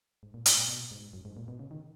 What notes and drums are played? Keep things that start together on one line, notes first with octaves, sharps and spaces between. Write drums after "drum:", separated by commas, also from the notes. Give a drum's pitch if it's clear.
G#2
A#2
G#2, drum: hi-hat
A#2
B2
G#2
F#2
G#2
A#2
B2
C#3
D#3